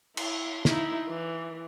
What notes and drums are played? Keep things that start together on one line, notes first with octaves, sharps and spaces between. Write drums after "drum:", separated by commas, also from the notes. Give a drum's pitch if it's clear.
E4, drum: cymbal
D#4 E4, drum: snare
E3